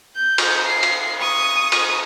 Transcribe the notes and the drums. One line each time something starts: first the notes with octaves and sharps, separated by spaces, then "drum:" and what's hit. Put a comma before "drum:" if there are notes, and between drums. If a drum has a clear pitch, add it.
G6
drum: cymbal
C7
drum: cymbal
C#6 D#6
drum: cymbal